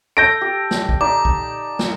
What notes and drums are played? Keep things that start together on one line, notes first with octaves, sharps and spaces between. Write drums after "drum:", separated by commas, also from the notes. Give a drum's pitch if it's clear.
A4 G6 A#6 D7
G4
drum: snare
drum: kick
D#4 D5 D6
drum: kick
drum: snare